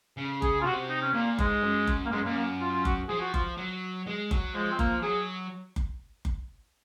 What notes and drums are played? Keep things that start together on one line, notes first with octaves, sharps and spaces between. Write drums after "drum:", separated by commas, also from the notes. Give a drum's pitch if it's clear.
C#3
G#4, drum: kick F#1
F4
C3 F#4
D#4
C#4
A#2 A#3
G#2 G#3, drum: kick F#1
F#2
drum: kick F#1
A#3
F#2 G#3
F#2 A#3
A#3
F4
F4
F#4, drum: kick F#1
F3 G#4
F#4
F4, drum: kick F#1
F#3
G#3
F#3, drum: kick F#1
F3 G#3
C4
A#3, drum: kick F#1
F#3 G#4
drum: kick F#1
drum: kick F#1